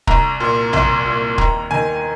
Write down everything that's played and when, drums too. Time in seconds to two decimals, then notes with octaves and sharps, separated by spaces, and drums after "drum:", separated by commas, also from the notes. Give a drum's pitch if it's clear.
0.07 C2 A#5, drum: kick
0.40 A#2
0.73 C2, drum: tom A1
1.05 A#2
1.38 D#2 A#5, drum: kick
1.71 D#3 G#5